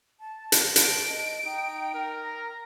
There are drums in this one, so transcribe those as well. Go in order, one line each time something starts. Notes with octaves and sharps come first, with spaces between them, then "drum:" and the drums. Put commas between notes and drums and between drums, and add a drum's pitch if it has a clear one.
A5
drum: hi-hat
A5 D7, drum: hi-hat
D#5
D#4 G5
A#4
A#5 A#6